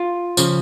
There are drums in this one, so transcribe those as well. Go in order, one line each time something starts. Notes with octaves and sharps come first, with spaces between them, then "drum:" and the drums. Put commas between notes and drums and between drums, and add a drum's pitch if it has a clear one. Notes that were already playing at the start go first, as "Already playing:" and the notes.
Already playing: F4
C#3 F3, drum: tambourine